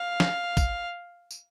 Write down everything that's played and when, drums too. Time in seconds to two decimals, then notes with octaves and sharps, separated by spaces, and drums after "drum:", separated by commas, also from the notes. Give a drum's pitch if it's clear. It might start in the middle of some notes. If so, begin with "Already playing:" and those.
Already playing: F5
0.20 drum: snare
0.57 drum: kick, tambourine
1.31 drum: tambourine